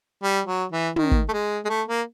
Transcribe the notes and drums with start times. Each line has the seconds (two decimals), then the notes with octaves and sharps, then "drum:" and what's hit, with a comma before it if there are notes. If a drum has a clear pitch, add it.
0.23 G3
0.47 F#3
0.72 E3
0.96 D#3, drum: tom
1.11 drum: kick
1.29 A3
1.33 G#3
1.65 G#3
1.69 A3
1.89 A#3